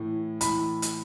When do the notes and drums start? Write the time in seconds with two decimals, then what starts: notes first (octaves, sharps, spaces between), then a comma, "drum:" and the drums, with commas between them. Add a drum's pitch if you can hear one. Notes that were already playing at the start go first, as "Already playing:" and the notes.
Already playing: A2 E3
0.41 A2 E3 B5, drum: hi-hat
0.82 drum: hi-hat